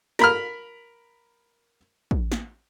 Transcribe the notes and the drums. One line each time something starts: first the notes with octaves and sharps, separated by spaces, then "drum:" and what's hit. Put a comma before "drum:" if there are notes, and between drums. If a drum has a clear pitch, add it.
A#4 B5 F6, drum: snare
drum: kick
drum: snare